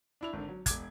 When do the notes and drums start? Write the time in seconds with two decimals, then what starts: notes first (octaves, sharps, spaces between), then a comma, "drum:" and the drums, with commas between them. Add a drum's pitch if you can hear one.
0.21 D4 E4 F7
0.33 G#1 D3
0.49 F#3
0.66 E1 D6 G#6, drum: kick, hi-hat